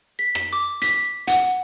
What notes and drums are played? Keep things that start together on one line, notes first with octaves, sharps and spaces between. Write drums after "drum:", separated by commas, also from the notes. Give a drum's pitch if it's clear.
B6
drum: rim click
D6
B6, drum: hi-hat
F#5, drum: hi-hat